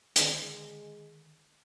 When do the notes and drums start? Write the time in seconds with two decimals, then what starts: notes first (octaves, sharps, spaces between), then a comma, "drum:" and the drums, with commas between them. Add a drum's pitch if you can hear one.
0.16 D3 D#3 G#3, drum: hi-hat